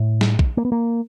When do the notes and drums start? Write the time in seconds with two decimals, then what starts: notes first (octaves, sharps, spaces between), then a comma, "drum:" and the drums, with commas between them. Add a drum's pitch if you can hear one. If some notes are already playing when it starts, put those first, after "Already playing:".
Already playing: A2
0.21 drum: snare
0.39 drum: kick A#1
0.57 A#3
0.65 B3
0.72 A#3